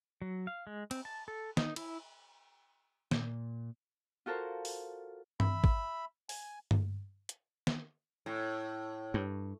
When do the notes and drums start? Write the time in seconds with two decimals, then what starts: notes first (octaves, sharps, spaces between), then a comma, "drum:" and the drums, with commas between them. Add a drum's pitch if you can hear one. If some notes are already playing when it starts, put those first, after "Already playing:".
0.22 F#3
0.47 F5
0.67 G#3
0.91 C4, drum: cymbal
1.05 A5
1.28 A4
1.57 D#4, drum: snare
1.76 E4, drum: cymbal
3.11 A#2, drum: snare
4.26 F4 F#4 A4 A#4 C5
4.65 drum: open hi-hat
5.40 E5 B5, drum: tom G2
5.64 drum: kick
6.29 G#5, drum: open hi-hat
6.71 drum: tom G2
7.29 drum: hi-hat
7.67 drum: snare
8.26 A2
9.14 G2